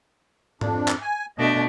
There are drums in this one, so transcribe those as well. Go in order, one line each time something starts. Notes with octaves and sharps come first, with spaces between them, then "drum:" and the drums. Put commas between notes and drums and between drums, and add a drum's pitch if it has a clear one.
F2 D4, drum: tom G#2
drum: clap
G#5
B2 A3 D4 D#5